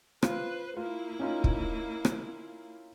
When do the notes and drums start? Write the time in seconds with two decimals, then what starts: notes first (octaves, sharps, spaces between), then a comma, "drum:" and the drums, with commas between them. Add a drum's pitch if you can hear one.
0.23 F4 B4 C5, drum: rim click
0.77 A#3 E4 F4
1.19 C#4 D#4 F4
1.44 drum: kick
2.05 drum: rim click